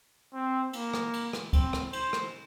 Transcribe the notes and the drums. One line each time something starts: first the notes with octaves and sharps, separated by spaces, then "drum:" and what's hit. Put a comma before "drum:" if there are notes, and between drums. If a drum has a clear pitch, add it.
C4
A#3, drum: cymbal
drum: rim click
drum: cymbal
drum: rim click
C4, drum: kick C#2, cymbal
drum: rim click
C5, drum: cymbal
drum: rim click